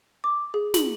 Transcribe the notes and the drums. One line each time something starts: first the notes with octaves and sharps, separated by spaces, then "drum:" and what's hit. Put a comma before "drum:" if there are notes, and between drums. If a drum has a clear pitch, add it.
D6
G#4
F#7, drum: snare